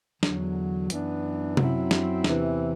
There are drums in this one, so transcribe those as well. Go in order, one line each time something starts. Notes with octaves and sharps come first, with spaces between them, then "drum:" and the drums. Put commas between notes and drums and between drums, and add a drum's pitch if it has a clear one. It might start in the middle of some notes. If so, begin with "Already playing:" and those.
E2 D3 F#3, drum: snare
F#2 E3 B3 D4, drum: hi-hat
F#2 F#3 C4 E4, drum: tom C3
drum: snare
E2 C3 E3, drum: snare